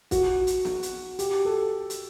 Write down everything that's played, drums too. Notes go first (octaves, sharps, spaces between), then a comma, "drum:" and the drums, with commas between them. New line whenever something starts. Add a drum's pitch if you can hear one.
F#4, drum: kick, hi-hat
drum: hi-hat
drum: snare
drum: hi-hat
G4, drum: hi-hat
A4
drum: hi-hat